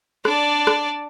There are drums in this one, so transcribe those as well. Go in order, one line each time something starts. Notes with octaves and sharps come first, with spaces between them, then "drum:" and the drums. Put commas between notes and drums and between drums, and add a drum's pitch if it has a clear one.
D4 D5, drum: rim click
drum: rim click